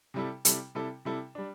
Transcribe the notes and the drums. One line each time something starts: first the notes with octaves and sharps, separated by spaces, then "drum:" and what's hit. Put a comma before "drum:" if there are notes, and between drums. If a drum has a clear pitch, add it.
C3 G3 E4 A4
C3 G3 E4 A4, drum: hi-hat
C3 G3 E4 A4
C3 G3 E4 A4
G3 D4